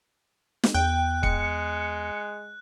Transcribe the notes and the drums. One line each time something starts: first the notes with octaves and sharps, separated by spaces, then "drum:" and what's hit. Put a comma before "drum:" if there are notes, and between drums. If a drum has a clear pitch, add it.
drum: snare
E2 G5 F#6
G#3 C#7, drum: kick